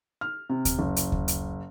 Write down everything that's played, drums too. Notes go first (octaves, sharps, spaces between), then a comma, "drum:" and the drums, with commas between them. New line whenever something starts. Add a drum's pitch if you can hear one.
F6
C3
drum: kick D2, hi-hat
F#1
drum: hi-hat
drum: kick D2
drum: hi-hat